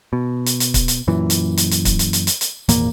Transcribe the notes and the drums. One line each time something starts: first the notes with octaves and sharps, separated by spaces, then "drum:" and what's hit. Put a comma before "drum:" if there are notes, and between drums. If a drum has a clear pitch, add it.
B2
drum: hi-hat
drum: hi-hat
drum: kick C#1, hi-hat
drum: hi-hat
F#2 A#2 E3
drum: hi-hat
drum: hi-hat
drum: hi-hat
drum: kick C#1, hi-hat
drum: hi-hat
drum: hi-hat
drum: hi-hat
drum: hi-hat
G#1 E2 A#2 A#3, drum: hi-hat